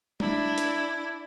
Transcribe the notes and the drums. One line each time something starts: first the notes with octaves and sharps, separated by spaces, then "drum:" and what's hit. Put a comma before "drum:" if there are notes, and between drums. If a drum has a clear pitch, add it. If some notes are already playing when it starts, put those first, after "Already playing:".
D4 E4, drum: tom
drum: hi-hat